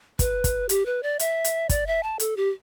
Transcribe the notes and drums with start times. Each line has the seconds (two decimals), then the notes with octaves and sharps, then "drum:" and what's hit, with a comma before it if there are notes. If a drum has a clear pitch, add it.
0.19 B4, drum: kick, hi-hat
0.44 drum: kick, hi-hat
0.69 G4, drum: hi-hat
0.86 B4
1.03 D5
1.19 E5, drum: hi-hat
1.45 drum: hi-hat
1.69 D5, drum: kick, hi-hat
1.87 E5
2.03 A5
2.20 A4, drum: hi-hat
2.37 G4